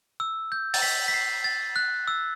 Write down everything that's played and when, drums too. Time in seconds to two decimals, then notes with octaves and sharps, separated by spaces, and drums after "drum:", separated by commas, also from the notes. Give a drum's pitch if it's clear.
0.20 E6
0.52 G6
0.74 A6, drum: open hi-hat
0.82 B6
1.08 B6
1.14 C7
1.44 A6
1.76 F#6
2.08 E6